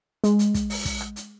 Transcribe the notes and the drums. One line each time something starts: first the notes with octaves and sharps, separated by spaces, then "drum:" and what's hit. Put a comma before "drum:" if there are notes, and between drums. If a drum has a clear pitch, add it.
G#3, drum: hi-hat
drum: hi-hat
drum: kick, hi-hat
drum: open hi-hat
drum: kick, hi-hat
drum: rim click
drum: hi-hat